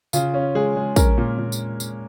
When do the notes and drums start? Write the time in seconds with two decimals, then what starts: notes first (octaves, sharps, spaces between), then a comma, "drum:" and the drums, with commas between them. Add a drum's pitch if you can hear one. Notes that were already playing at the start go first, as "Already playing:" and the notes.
0.13 C#3 F4, drum: tambourine
0.34 C#4
0.55 G#3 G#4
0.76 G#3
0.96 C#4 A#4, drum: kick, tambourine
1.18 A#2
1.38 A#2
1.52 drum: tambourine
1.80 drum: tambourine